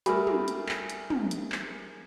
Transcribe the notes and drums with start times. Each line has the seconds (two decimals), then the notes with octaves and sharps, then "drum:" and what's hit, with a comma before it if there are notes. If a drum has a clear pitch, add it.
0.06 G3 A3 F#4 G#4 A#4 B5, drum: hi-hat
0.27 drum: tom
0.48 drum: hi-hat
0.69 drum: clap
0.89 drum: hi-hat
1.10 drum: tom
1.31 drum: hi-hat
1.52 drum: clap